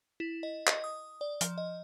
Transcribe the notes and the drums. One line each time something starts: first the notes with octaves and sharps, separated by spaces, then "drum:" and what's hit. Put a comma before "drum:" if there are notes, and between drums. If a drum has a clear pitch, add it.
E4
D#5
D#5, drum: clap
D#6
D5
F3, drum: hi-hat
D#5